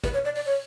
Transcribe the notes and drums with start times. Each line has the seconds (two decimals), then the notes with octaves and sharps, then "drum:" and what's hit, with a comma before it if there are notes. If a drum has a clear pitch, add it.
0.04 B4, drum: kick, hi-hat
0.13 C#5
0.25 D5
0.35 D5, drum: open hi-hat
0.46 C#5